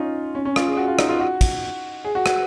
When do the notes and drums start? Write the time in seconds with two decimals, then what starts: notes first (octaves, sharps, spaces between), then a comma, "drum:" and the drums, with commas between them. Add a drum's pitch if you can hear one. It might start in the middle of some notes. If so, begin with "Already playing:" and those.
Already playing: C#4 D#4 F4
0.35 C#4
0.45 C#4
0.56 F4, drum: rim click
0.67 G#4
0.77 F#4
0.88 F4
0.99 D#4, drum: rim click
1.09 F4
1.20 F#4
1.41 drum: kick, cymbal
2.05 G#4
2.15 F#4
2.26 F#4, drum: rim click